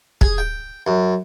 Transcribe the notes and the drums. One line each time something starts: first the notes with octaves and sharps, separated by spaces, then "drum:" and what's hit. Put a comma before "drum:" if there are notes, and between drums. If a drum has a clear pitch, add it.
G#4, drum: kick
G5
F#2